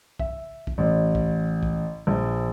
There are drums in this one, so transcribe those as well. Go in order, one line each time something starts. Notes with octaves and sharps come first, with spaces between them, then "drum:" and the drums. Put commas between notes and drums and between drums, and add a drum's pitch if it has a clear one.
E5, drum: kick
drum: kick
A1
drum: kick
drum: kick
A#1